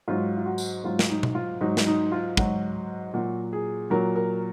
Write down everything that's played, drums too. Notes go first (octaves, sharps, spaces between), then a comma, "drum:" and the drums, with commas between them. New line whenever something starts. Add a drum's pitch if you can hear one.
G#2 F#3 F4
F4
F#4
drum: tambourine
G#2 F#3 F4
drum: snare
D#4
drum: tom
F4
G#2 F#3 D#4
drum: snare
D#4
F4
G#2 F#3 F#4, drum: kick
A#2 F#3 F#4
G#4
A#2 F#3 A#4
A#4